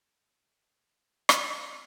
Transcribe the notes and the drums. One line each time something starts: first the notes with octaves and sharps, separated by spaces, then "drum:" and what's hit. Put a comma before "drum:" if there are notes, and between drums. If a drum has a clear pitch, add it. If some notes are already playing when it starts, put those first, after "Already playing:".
Already playing: A2 A#4 C5
D3 F3 G#3
drum: rim click
A#4 C5